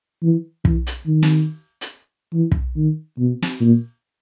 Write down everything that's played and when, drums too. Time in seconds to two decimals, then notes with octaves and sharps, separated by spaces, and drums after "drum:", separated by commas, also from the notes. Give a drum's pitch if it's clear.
0.23 E3
0.65 E3, drum: kick
0.87 drum: hi-hat
1.06 D#3
1.23 drum: snare
1.81 drum: hi-hat
2.33 E3
2.52 drum: kick
2.77 D#3
3.18 B2
3.42 drum: snare
3.60 A#2